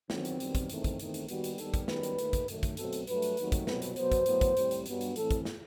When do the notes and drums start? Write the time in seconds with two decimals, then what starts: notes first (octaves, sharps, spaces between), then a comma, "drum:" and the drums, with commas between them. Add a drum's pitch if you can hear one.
0.10 E2 D#3 F#3 B3 C4, drum: snare
0.25 drum: hi-hat
0.40 F#2 D#3 G3 B3, drum: hi-hat
0.55 drum: kick, hi-hat
0.69 E2 D#3 A3 C4, drum: hi-hat
0.84 drum: kick, hi-hat
0.99 E2 D#3 A3 C4 D#4, drum: hi-hat
1.14 drum: hi-hat
1.29 D#2 D#3 G3 B3 F#4, drum: hi-hat
1.44 drum: hi-hat
1.58 D#2 D#3 G3 B3 A4, drum: hi-hat
1.74 drum: kick, hi-hat
1.88 F#2 D#3 G3 B3 B4, drum: snare
2.03 drum: hi-hat
2.19 D#2 D#3 A3, drum: hi-hat
2.33 drum: kick, hi-hat
2.48 F#2 D#3 A3, drum: hi-hat
2.63 drum: kick, hi-hat
2.77 B2 F#3 A3 C4 A4, drum: hi-hat
2.93 drum: hi-hat
3.07 G2 F#3 A3 B4, drum: hi-hat
3.22 drum: hi-hat
3.37 D#2 D#3 F#3 A3 C4, drum: hi-hat
3.52 drum: kick, hi-hat
3.67 C2 B2 F#3 C4 B4, drum: snare
3.82 drum: hi-hat
3.96 B2 F#3 B3 C5, drum: hi-hat
4.12 drum: kick, hi-hat
4.26 A2 F#3 B3, drum: hi-hat
4.41 drum: kick, hi-hat
4.57 A2 G3 C4, drum: hi-hat
4.71 drum: hi-hat
4.86 G2 F#3 B3, drum: hi-hat
5.01 drum: hi-hat
5.16 A2 E3 A3 C4 A4, drum: hi-hat
5.31 drum: kick, hi-hat
5.45 drum: snare